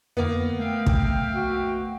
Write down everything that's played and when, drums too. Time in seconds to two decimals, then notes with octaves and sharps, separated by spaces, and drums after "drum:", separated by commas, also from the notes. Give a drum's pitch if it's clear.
0.17 F2 D3 A#3 B3
0.59 A3 E5 F5 G5
0.86 drum: kick
1.35 F#4